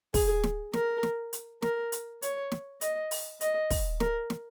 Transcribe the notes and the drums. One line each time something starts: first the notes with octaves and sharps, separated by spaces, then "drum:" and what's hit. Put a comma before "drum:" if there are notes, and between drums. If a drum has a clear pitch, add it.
G#4, drum: kick, open hi-hat
drum: snare
A#4, drum: snare
drum: snare
drum: hi-hat
A#4, drum: snare
drum: hi-hat
C#5, drum: hi-hat
drum: snare
D#5, drum: hi-hat
drum: open hi-hat
D#5, drum: hi-hat
drum: kick, open hi-hat
A#4, drum: snare
drum: snare